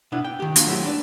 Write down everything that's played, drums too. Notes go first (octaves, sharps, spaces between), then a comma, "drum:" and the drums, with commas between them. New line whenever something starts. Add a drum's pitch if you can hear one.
B2 B3 D4 E4
G5
D#3 G4
A#3 D4 F4 F#4, drum: hi-hat
F#3 G#3 A3 C4 E4 G4
D4 B4 D5